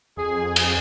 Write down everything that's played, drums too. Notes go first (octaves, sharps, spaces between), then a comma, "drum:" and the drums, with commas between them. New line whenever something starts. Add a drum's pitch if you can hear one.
F2 G#4
drum: cymbal